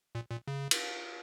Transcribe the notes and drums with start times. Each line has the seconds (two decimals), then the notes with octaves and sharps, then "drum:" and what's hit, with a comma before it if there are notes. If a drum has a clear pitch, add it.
0.15 A#2
0.31 A#2
0.48 C#3
0.71 drum: cymbal